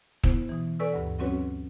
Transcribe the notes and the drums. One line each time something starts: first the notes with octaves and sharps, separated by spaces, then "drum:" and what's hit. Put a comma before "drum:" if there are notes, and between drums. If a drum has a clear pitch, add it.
B3 E4 C5, drum: kick
B2 E3
A4 B4 D5 G#5 C#6 E6
D2 G2
F#3 C4 C#4 F#4 B4 C#5